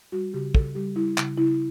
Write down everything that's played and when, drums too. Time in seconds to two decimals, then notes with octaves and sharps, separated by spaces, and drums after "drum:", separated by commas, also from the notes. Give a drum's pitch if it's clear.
0.12 G3 F#4
0.34 C#3 G4
0.55 C#3 A4, drum: kick
0.75 G3 G4
0.96 G3 E4
1.18 C#3, drum: clap
1.38 C#3 E4